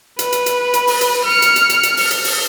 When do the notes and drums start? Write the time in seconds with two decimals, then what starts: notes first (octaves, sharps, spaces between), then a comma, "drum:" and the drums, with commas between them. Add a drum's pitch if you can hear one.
0.19 B4, drum: hi-hat
0.32 drum: hi-hat
0.46 drum: hi-hat
0.74 drum: hi-hat
0.87 drum: open hi-hat
1.01 drum: hi-hat
1.24 F6 C#7
1.42 drum: hi-hat
1.56 drum: hi-hat
1.70 drum: hi-hat
1.83 drum: hi-hat
1.97 drum: open hi-hat
2.11 drum: hi-hat
2.24 drum: open hi-hat